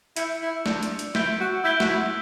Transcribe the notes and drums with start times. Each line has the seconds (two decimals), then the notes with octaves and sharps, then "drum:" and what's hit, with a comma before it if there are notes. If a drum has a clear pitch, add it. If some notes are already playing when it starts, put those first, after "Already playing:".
0.16 E4 E6 G6 C#7, drum: hi-hat
0.42 E4
0.66 D4 E6 G6 C#7, drum: snare
0.83 drum: hi-hat
0.99 drum: hi-hat
1.15 E4 E6 G6 B6 D7 G7, drum: snare
1.40 F#4
1.64 E4 E6 G6 B6 D7 G7
1.80 F#4, drum: snare
1.89 E4